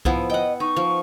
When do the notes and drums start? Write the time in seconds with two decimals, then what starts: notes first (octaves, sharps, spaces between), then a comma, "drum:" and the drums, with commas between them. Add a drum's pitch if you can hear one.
0.05 F3 B3 E4, drum: kick C2
0.30 D#5 F#5 G5
0.60 D#4 C#6
0.76 F3